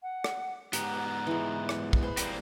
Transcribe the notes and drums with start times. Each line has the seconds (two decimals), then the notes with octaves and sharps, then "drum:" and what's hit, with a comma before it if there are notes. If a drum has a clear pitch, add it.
0.03 F#5
0.24 drum: rim click
0.73 G#2 B3 G4 A#5, drum: hi-hat
1.27 E3 G#3
1.69 drum: rim click
1.93 drum: kick
2.02 G#4 B4 C5
2.17 G3 A#3 C4, drum: hi-hat